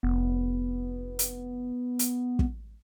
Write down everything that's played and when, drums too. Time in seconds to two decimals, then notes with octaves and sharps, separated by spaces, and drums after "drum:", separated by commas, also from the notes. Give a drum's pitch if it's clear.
0.03 F1 B3
1.19 drum: hi-hat
1.99 drum: hi-hat
2.39 drum: kick